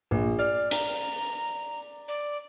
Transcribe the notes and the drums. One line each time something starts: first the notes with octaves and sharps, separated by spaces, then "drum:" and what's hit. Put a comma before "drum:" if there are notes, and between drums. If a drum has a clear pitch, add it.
A#1
D5 F6
A#5, drum: hi-hat
D5